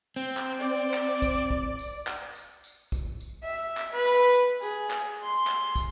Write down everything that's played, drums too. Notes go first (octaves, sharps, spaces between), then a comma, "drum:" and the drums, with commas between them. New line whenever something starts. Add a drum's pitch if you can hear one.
C4
drum: clap
D5
drum: clap
drum: kick, tambourine
drum: kick
drum: tambourine
drum: clap
drum: tambourine
drum: tambourine
drum: kick, tambourine
drum: tambourine
E5
drum: clap
B4
drum: tambourine
drum: tambourine
G#4, drum: tambourine
drum: clap
C6
drum: clap
drum: kick, tambourine